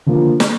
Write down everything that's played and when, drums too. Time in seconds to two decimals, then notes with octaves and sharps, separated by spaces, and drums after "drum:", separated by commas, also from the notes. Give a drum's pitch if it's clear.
0.06 D3 F3 A#3 F4
0.40 drum: snare